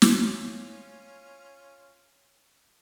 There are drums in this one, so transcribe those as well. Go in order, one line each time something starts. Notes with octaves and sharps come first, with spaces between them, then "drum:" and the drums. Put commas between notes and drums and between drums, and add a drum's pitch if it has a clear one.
C#4 F4, drum: snare